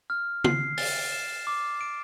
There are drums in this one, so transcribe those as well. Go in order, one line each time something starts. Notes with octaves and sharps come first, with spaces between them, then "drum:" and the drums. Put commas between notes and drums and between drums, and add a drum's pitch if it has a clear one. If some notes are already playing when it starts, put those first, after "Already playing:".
F6
C7, drum: tom
A6, drum: open hi-hat
E7
D6
D7